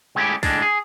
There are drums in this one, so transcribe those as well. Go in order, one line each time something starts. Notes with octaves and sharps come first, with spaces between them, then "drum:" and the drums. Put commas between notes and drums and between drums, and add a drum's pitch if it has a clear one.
G#3 A3 C#4 D#4 E4 G4
A2 D3 G#3 D4, drum: kick, open hi-hat
G#4